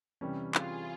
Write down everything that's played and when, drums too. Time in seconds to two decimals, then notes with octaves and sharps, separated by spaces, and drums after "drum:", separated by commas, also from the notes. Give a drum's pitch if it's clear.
0.21 C3 E3 G3 C#4
0.55 F4 G#4, drum: clap